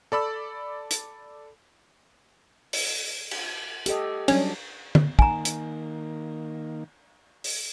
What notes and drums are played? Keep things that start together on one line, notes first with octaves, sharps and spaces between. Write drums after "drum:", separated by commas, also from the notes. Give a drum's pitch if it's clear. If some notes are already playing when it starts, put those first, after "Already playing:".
A4 D5 B5 E6
drum: hi-hat
drum: open hi-hat
drum: cymbal
G4 A4 D#5, drum: hi-hat
F#3 G3 C#4 D4, drum: cymbal
drum: tom D3
D#3 A#3 G#5 A#5, drum: kick
drum: hi-hat
drum: open hi-hat